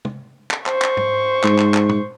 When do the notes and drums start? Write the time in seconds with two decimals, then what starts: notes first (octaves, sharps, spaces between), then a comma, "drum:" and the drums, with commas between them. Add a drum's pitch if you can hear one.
0.05 drum: tom
0.51 drum: clap
0.66 C5 C#6, drum: clap
0.82 drum: clap
0.97 drum: tom G#2
1.44 G#2, drum: clap
1.59 drum: clap
1.74 drum: clap
1.89 drum: tom